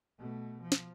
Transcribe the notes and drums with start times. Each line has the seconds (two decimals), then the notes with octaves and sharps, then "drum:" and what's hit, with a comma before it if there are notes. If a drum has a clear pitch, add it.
0.19 B2 A3
0.62 F3
0.72 drum: snare